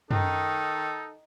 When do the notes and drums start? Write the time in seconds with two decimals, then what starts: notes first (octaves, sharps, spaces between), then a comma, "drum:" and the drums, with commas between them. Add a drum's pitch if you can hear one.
0.11 D#3 D#4 A4, drum: tom F#2